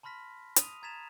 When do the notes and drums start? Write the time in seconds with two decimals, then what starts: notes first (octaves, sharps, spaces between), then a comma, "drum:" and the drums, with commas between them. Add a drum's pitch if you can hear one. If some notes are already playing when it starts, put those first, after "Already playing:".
0.03 A5 B5 C6 F6 A#6 B6
0.56 D#6 D#7 F7, drum: hi-hat
0.83 A#5 G#6 A6 B6 E7 F7